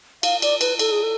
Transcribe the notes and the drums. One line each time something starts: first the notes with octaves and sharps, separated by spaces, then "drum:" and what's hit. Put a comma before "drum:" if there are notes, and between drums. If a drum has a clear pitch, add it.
F5, drum: cymbal
D5, drum: cymbal
B4, drum: cymbal
A4, drum: cymbal
G#4
A4